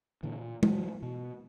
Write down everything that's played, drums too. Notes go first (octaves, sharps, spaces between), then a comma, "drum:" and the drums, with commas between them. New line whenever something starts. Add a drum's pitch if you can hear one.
A#2 D3 E3
E3 F#3, drum: tom
B2